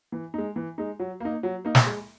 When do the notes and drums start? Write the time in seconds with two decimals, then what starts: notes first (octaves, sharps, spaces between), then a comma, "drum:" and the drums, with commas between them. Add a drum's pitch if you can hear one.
0.12 E3
0.34 G#3 D#4
0.56 E3
0.78 G#3 D#4
0.99 F#3
1.20 A#3 D#4
1.43 F#3
1.65 A#3 D#4
1.75 drum: snare
1.87 G#3